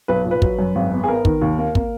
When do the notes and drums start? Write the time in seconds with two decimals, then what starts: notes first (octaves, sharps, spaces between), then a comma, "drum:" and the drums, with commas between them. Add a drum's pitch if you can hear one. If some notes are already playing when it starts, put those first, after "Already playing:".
0.08 B1 B4
0.25 A#2
0.31 B4
0.42 F#3, drum: kick
0.59 F#2
0.75 G#1
0.92 B3
1.04 G#4
1.08 B3 A#4
1.25 D#3, drum: kick
1.42 D#2
1.58 A#3
1.75 A#3, drum: kick